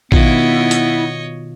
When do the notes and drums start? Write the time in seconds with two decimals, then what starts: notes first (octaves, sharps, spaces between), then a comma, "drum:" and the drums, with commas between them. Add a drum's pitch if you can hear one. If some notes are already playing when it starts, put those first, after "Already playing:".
0.12 B2 D#3 B3 E4 F4 C#5 D#5, drum: kick
0.71 drum: hi-hat